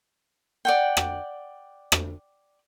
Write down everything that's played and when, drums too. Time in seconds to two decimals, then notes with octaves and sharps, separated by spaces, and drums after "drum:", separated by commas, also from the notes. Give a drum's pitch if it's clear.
0.65 D5 F#5 G5
0.97 drum: rim click
1.92 drum: rim click